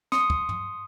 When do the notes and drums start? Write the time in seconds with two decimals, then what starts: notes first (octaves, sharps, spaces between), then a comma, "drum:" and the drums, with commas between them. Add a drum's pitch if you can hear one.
0.12 C6 D#6 C#7, drum: snare
0.30 drum: kick
0.49 drum: tom